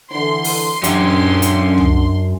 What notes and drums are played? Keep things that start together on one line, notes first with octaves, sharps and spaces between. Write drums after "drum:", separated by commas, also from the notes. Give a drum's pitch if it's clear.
D3 E3 C6
drum: open hi-hat
F#2 C#4 D4 G4, drum: hi-hat
drum: hi-hat
drum: tom